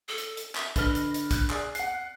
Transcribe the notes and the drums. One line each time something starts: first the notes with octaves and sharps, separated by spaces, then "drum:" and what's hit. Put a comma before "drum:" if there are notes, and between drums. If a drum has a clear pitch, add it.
A4
drum: hi-hat
drum: hi-hat
E5, drum: clap
D3 B4 D#5 F6, drum: kick, hi-hat
drum: hi-hat
drum: hi-hat
F#6, drum: kick, hi-hat
G#4 D5, drum: clap
F#5 C7, drum: hi-hat